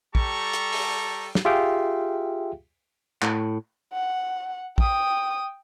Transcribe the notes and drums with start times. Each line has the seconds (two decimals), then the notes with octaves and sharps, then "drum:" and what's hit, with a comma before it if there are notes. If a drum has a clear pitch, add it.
0.15 G3 G4 A4 A5 A#5 C#6, drum: kick
0.53 drum: hi-hat
0.72 drum: open hi-hat
1.35 drum: snare
1.45 F4 G4 G#4 E5 F5 G5
3.22 A2, drum: clap
3.93 F#5
4.78 G5 D#6, drum: kick